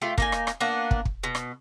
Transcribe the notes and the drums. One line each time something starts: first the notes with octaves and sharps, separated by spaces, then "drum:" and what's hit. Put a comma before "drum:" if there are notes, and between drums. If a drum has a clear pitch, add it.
A3 F4 G4
A#3 D#4 G#5, drum: kick
drum: rim click
drum: rim click
A#3 B3 D4 F#5
drum: kick
drum: kick
B2
drum: rim click